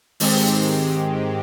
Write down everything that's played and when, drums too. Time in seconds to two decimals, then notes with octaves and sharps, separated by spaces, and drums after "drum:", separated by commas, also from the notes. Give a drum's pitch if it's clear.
0.20 G#2 D#3 G#3 C4 G4, drum: open hi-hat